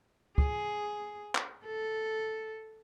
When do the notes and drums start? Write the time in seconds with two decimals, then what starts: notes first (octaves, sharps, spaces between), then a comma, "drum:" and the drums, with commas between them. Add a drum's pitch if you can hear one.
0.38 G#4, drum: kick
1.35 drum: clap
1.65 A4